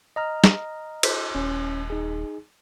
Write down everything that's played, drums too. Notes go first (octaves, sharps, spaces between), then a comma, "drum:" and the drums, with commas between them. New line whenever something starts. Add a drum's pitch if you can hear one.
D#5 A#5 F6
drum: snare
drum: cymbal
D#1 C#4
D#4 G#4